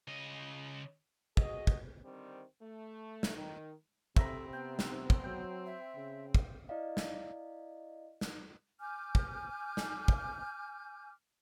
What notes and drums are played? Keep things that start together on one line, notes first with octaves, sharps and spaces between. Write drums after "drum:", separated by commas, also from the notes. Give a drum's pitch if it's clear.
C#3 D#5
F#4 G#4 D#5, drum: kick
drum: kick
D3 D#3 G3 C4
A3
drum: snare
D#3
C3 C4 A4 E5 A#5 B5, drum: kick
B3 G5
drum: snare
drum: kick
F#3 G5
E5
C#3
drum: kick
E4 D5 D#5 F5
drum: snare
drum: snare
G#5 D6 F6 G6
drum: kick
drum: snare
drum: kick